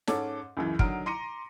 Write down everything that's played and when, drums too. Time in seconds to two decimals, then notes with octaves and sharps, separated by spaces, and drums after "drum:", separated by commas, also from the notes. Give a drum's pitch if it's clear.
0.07 G#2 C#4 A4 D6, drum: snare
0.57 C#2 F#2 E3
0.79 D3 D#3 F#3 D#4 F6 D7, drum: kick
1.06 A#5 C6 D6 A#6 C#7 D#7